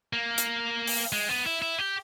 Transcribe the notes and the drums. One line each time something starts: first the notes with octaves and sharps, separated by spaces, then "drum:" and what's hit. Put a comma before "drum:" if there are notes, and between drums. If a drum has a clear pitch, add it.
A#3
drum: hi-hat
drum: open hi-hat
G#3
B3
E4
E4
G4